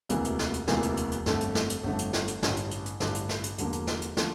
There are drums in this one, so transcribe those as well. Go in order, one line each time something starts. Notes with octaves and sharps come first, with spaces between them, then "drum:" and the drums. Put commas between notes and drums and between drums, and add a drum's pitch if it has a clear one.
E1 D2 C3 E3 A#3, drum: hi-hat
drum: hi-hat
drum: snare
drum: hi-hat
E1 D2 C3 E3 A#3, drum: snare
drum: hi-hat
drum: hi-hat
drum: hi-hat
G1 F2 D3 A3, drum: snare
drum: hi-hat
drum: snare
drum: hi-hat
G1 F2 D3 A3
drum: hi-hat
drum: snare
drum: hi-hat
A1 G2 D3, drum: snare
drum: hi-hat
drum: hi-hat
drum: hi-hat
A1 G2 D3, drum: snare
drum: hi-hat
drum: snare
drum: hi-hat
E1 E2 D3 F3 A#3, drum: hi-hat
drum: hi-hat
drum: snare
drum: hi-hat
D3 F3 A#3, drum: snare